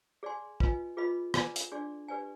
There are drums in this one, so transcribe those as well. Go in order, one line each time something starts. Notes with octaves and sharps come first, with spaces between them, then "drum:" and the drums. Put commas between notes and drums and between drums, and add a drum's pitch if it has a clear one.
G#4 D5 G#5 C6
F4 B4 D#5 G#5, drum: kick
F4 G#4 B4 D#5 B5
G#4 B4 D5 G#5 B5, drum: rim click
drum: hi-hat
D4 G#4 D5 G#5 C6
G4 B4 D5 G#5